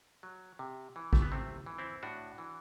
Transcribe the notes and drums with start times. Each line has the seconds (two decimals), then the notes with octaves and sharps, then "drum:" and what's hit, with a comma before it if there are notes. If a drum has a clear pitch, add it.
0.23 F#3
0.59 C3
0.96 E3
1.13 A3, drum: kick G#1
1.22 B3
1.32 C3 A3 C4
1.66 E3
1.78 C4 E4
2.03 A2 D4 F#4
2.38 E3